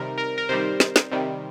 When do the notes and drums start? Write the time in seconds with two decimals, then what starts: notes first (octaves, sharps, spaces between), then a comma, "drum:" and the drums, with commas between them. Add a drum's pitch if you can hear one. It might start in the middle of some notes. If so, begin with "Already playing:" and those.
Already playing: C3 D#3 G3 A#4
0.18 A#4
0.38 A#4
0.49 C3 D#3 G3 C5
0.80 drum: snare
0.96 drum: snare
1.12 C3 D#3 G3